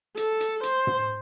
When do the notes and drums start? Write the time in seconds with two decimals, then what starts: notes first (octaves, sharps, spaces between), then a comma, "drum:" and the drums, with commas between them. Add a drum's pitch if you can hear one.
0.17 A4, drum: hi-hat
0.40 drum: hi-hat
0.63 C5, drum: hi-hat
0.87 drum: tom